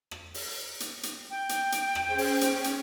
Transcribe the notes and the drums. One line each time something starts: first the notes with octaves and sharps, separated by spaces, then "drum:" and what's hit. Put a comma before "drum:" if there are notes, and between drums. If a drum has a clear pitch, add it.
drum: rim click
drum: open hi-hat
drum: hi-hat
drum: hi-hat
G5
drum: hi-hat
drum: hi-hat
drum: rim click
C#4 G#4 C5
drum: open hi-hat
C#4, drum: hi-hat
drum: hi-hat